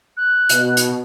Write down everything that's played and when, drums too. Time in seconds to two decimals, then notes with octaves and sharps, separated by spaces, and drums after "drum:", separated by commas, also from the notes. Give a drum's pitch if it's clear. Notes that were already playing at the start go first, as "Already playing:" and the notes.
0.17 F#6
0.49 B2, drum: hi-hat
0.77 drum: hi-hat